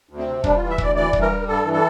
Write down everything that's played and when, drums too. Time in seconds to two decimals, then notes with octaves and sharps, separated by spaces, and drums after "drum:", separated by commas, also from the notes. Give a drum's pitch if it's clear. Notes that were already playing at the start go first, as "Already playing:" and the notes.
0.09 D2
0.18 C4
0.27 C3
0.44 G3 D4, drum: kick
0.57 E3 F4
0.70 E5
0.78 D2 D5, drum: kick
0.96 E3 D5
1.13 G2, drum: kick
1.21 A#4
1.30 G3
1.48 G2 A4
1.65 E3
1.73 A4